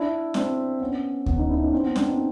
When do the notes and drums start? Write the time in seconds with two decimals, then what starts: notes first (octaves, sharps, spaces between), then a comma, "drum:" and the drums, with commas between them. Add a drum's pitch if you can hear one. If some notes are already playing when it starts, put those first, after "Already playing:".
Already playing: D4 E4
0.34 C4 D4, drum: snare
0.81 B3 C#4
1.26 B3 C#4, drum: kick D2
1.38 C#4 D#4
1.49 D4 E4
1.61 C#4 D#4
1.73 C4 D4
1.84 B3 C#4
1.96 C4 D4, drum: snare
2.06 C#4 D#4